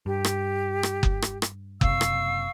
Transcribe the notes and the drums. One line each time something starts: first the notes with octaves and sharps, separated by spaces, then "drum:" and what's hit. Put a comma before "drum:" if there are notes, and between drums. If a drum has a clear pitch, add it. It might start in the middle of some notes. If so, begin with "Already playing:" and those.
G2 G4
drum: rim click
drum: rim click
drum: kick F#1
drum: rim click
drum: rim click
F#1 C3 F5 C#6 E6, drum: kick F#1
drum: rim click